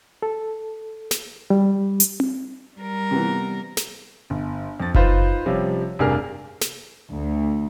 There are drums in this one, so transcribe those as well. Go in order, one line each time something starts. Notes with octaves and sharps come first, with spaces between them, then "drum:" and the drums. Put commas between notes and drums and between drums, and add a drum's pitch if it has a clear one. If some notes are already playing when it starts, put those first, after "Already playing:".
A4
drum: snare
G3
drum: hi-hat
drum: tom C4
G3 A#4
C3 E3 B3
drum: snare
G1
F2 A6
D#4 F4 B4 C5, drum: kick F#1
C3 F3 G3 C#4
F1 G2 D4 G#4 A#4 F6
drum: snare
D2